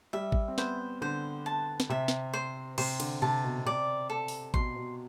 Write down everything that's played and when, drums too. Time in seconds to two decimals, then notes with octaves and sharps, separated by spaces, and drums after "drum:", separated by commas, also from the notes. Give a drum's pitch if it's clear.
0.13 G3 E5
0.32 drum: kick A1
0.48 C4
0.58 B3 C5, drum: snare
1.02 D3 C5
1.46 A5
1.80 drum: snare
1.90 C3 E5
2.08 drum: snare
2.33 C5
2.78 C3 C5, drum: cymbal
3.00 D3, drum: cymbal
3.22 C3 A5
3.44 B2
3.59 B2
3.66 C3 D5
4.10 A4
4.28 drum: open hi-hat
4.54 B2 C6, drum: kick A1
4.76 B2